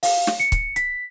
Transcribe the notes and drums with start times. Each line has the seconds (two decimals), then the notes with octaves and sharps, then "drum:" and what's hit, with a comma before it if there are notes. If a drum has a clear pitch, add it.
0.03 F5, drum: open hi-hat
0.27 drum: snare
0.40 C#7
0.52 drum: kick, hi-hat
0.76 B6, drum: hi-hat